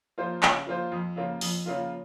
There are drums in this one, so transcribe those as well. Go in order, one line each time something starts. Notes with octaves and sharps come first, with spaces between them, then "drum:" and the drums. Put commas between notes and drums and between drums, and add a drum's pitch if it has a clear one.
F3 A#3 F4 C5
C#3, drum: clap
F3 A#3 F4 C5
F2
C#3 F3 A#3 F4
F2, drum: open hi-hat
C#3 F3 A#3 F4